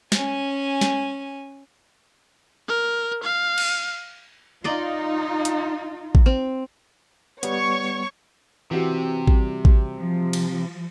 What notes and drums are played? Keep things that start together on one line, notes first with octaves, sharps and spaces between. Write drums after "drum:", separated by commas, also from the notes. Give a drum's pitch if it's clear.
C#4 G#5, drum: snare
drum: snare
A#4
F5
drum: cymbal
D#4 F4 D5 D#5 C6
drum: hi-hat
drum: kick A1
C4
G3 B3 C#5 C#6, drum: hi-hat
C3 E3 F#4 G4
G3, drum: kick A1
drum: kick A1
F3
drum: cymbal